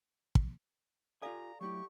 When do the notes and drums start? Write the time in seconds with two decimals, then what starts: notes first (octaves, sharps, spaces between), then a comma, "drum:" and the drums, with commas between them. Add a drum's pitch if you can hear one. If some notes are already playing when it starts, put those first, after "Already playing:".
0.35 drum: kick
1.22 F4 G4 A4 D5 F5 G#5 A#5
1.61 F#3 A3 E4 G4 C#6